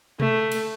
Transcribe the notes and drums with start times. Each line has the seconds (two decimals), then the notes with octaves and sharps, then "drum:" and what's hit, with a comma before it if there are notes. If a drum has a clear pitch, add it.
0.20 A3, drum: tom B2
0.52 drum: cymbal